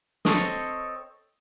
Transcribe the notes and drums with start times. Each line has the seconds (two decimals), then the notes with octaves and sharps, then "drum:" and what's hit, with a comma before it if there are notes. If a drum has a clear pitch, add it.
0.25 C4 A4 C#5 D#5, drum: snare